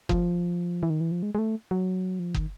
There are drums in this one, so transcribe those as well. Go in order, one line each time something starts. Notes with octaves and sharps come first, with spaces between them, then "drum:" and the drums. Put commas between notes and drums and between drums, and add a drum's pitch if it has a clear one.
F3, drum: kick F#1
E3
D#3
E3
F3
G#3
G#3
A3
F#3
F3
D#3, drum: kick F#1